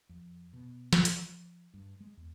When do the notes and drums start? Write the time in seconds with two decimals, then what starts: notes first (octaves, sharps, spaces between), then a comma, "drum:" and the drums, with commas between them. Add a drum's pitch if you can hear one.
0.09 F2
0.53 B2
0.93 drum: snare
1.05 F3, drum: hi-hat
1.74 G2
2.01 G#3
2.17 E2